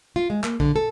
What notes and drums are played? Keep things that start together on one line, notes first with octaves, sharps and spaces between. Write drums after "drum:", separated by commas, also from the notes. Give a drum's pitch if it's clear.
F4
G#3
A#3, drum: clap
D3, drum: kick
A4